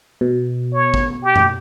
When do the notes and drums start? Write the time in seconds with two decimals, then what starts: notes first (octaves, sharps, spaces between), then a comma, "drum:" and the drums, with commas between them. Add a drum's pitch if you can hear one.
0.21 B2
0.73 C#5
0.94 drum: kick
1.24 G4
1.36 drum: tom F#2